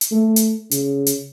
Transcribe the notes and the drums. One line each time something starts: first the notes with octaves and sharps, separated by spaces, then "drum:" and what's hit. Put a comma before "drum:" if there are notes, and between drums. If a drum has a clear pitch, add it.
drum: hi-hat
A3
drum: hi-hat
C#3, drum: hi-hat
drum: hi-hat